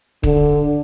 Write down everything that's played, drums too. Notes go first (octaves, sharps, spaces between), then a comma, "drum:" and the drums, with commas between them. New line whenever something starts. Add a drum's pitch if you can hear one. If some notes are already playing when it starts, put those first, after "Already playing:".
D3, drum: kick